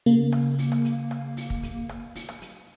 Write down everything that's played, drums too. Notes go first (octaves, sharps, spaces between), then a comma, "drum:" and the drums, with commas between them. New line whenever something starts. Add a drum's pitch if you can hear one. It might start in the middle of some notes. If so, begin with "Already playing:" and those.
C#3 A#3
drum: rim click
drum: open hi-hat
drum: rim click
drum: hi-hat
drum: rim click
drum: open hi-hat
drum: kick
drum: hi-hat
drum: rim click
drum: open hi-hat
drum: rim click
drum: hi-hat